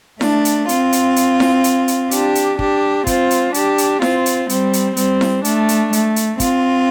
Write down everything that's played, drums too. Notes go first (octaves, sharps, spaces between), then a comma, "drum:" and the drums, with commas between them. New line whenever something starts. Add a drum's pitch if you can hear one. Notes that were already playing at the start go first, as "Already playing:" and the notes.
A3 D4, drum: snare E4
drum: hi-hat
C4 F4, drum: hi-hat
drum: hi-hat
drum: hi-hat
drum: snare E4
drum: hi-hat
drum: hi-hat
D4 G4, drum: hi-hat
drum: hi-hat
D4 G4, drum: kick
C4 F4, drum: kick, hi-hat
drum: hi-hat
D4 G4, drum: hi-hat
drum: hi-hat
C4 F4, drum: snare E4
drum: hi-hat
G3 C4, drum: hi-hat
drum: hi-hat
G3 C4, drum: hi-hat
drum: snare E4
A3 D4, drum: hi-hat
drum: hi-hat
A3, drum: hi-hat
drum: hi-hat
C4 F4, drum: kick, hi-hat